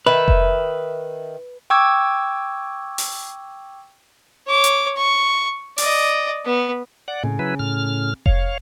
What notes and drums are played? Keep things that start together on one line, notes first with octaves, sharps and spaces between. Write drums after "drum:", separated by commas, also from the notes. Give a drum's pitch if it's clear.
D#3 B4 E5
drum: kick F1
G5 C#6 D6 E6 G#6
drum: open hi-hat
C#5 D6
drum: hi-hat
C#6
D5 D#5, drum: open hi-hat
B3
D5 F#5
A2 C#3
F#3 E4 B4
A2 F6
C#5 F5, drum: kick F1